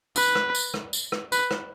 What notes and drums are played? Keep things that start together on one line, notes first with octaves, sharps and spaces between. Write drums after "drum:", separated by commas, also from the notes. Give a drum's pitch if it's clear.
B4, drum: tambourine
drum: rim click
drum: tambourine
drum: rim click
drum: tambourine
drum: rim click
B4, drum: tambourine
drum: rim click